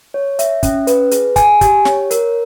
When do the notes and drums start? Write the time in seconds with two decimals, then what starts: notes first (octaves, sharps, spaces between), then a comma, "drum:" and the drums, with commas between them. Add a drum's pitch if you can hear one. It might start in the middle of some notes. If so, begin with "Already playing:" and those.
0.14 C#5
0.39 E5, drum: hi-hat
0.63 C#4, drum: kick, hi-hat
0.87 B4, drum: hi-hat
1.11 G#4, drum: hi-hat
1.36 G#5, drum: kick, hi-hat
1.61 G4, drum: kick, hi-hat
1.85 C#5, drum: snare
2.11 A#4, drum: hi-hat